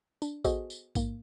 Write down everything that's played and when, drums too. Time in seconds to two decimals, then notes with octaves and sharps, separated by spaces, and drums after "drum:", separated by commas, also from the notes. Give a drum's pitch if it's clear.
0.22 D4, drum: tambourine
0.44 B3 F#4 G#4 A4 C5 D#5, drum: kick A1, tambourine
0.70 drum: tambourine
0.95 G#2 A#3, drum: kick A1, tambourine